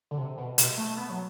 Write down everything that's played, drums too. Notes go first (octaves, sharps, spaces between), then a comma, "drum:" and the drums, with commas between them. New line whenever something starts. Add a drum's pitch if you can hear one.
D3
C3
B2
B2, drum: hi-hat
A3
A3
B3
F#3